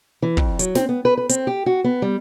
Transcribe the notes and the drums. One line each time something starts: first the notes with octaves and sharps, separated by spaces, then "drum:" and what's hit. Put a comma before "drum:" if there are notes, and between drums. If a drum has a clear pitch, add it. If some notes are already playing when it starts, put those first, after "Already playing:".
E3
F2, drum: kick
F#3, drum: hi-hat
C4, drum: snare
B3
B4
B4
C4, drum: hi-hat
G4
F#4
B3
G3